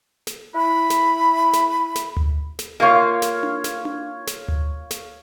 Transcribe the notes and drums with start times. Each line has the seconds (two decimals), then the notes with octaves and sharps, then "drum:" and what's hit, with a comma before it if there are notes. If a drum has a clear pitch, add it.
0.27 drum: snare
0.55 E4 B5
0.90 drum: snare
1.53 drum: snare
1.95 drum: snare
2.17 drum: tom D2
2.59 drum: snare
2.80 A#3 F4 C#5 F5
3.22 drum: snare
3.43 drum: tom D4
3.64 drum: snare
3.85 drum: tom D4
4.27 drum: snare
4.48 drum: tom D2
4.91 drum: snare